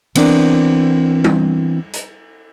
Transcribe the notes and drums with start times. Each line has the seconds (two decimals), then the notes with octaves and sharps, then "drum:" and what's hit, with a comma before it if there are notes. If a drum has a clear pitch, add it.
0.15 E3 B3 C4 D4 A#4, drum: cymbal
1.24 drum: tom G3
1.93 drum: hi-hat